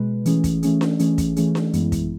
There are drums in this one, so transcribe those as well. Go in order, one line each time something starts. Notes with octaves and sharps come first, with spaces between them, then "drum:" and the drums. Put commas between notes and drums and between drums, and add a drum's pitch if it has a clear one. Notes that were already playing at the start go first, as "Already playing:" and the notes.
Already playing: B2 G#3 B4
E3 A3 C#4 G#4, drum: hi-hat
drum: kick, hi-hat
E3 A3 C#4 G#4, drum: hi-hat
drum: snare D4
E3 A3 C#4 G#4, drum: hi-hat
drum: kick, hi-hat
E3 A3 C#4 G#4, drum: hi-hat
drum: snare D4
F#2 E3 G#3 B3 E4, drum: hi-hat
drum: kick, hi-hat